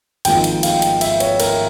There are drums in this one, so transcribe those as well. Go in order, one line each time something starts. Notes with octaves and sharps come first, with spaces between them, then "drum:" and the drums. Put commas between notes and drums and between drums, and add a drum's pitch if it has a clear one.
G#1 G#2 F3 A#3 G5, drum: cymbal
drum: cymbal
F5, drum: cymbal
drum: cymbal
E5, drum: cymbal
C#5, drum: cymbal
A#4, drum: cymbal